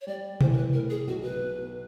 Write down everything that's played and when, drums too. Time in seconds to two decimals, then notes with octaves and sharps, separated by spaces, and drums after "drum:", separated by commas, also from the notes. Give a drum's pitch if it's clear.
0.01 C#5
0.07 G3 D5
0.41 E3 C5, drum: tom B2
0.53 A#4
0.57 B4
0.73 A2 A#4
0.90 G#4
1.07 B1 F#4
1.23 B4
1.41 B3